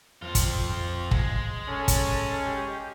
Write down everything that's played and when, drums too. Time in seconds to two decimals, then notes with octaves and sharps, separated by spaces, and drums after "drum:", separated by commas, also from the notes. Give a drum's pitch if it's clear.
0.22 F2 C4 F4
0.35 drum: kick, hi-hat
1.11 G#3, drum: kick
1.68 C#4 A4
1.88 drum: kick, hi-hat
2.46 G4